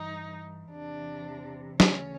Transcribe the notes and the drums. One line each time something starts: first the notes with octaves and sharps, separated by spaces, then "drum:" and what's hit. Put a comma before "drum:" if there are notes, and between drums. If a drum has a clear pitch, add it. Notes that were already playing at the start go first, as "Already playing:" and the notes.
Already playing: G2 E3 D#4
E2 C3 E3 D4
D2 C#3 E3 C#4, drum: snare